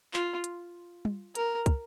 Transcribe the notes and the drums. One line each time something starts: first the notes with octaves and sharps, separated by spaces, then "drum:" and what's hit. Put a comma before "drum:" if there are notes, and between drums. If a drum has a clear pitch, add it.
F4, drum: clap
drum: hi-hat
drum: tom G3
A#4, drum: hi-hat
drum: kick, hi-hat